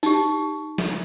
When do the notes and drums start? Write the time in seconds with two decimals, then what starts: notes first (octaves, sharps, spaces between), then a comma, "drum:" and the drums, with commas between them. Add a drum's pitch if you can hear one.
0.03 D#4 G4, drum: tambourine
0.78 drum: snare